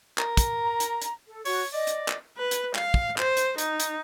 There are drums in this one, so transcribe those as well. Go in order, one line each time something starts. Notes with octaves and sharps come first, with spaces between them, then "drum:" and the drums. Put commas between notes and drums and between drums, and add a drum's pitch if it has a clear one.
A#4, drum: clap
drum: kick, hi-hat
A#5
drum: hi-hat
drum: hi-hat
A4
F#4 C#5, drum: open hi-hat
D5 D#5
drum: hi-hat
drum: clap
B4
drum: hi-hat
F5, drum: clap
drum: kick
C5, drum: clap
drum: hi-hat
D#4, drum: hi-hat
drum: hi-hat